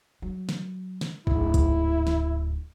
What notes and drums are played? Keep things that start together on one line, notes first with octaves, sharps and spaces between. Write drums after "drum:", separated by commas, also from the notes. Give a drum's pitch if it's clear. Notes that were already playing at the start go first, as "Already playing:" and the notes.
F#3
drum: snare
drum: snare
D1 G#2 E4, drum: kick
drum: kick, hi-hat
drum: snare